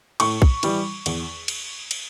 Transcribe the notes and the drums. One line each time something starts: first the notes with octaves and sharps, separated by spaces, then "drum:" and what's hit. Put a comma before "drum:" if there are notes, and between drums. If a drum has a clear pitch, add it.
A2 C#6, drum: cymbal
drum: kick
E3 G3, drum: cymbal
E2, drum: cymbal
drum: cymbal
drum: cymbal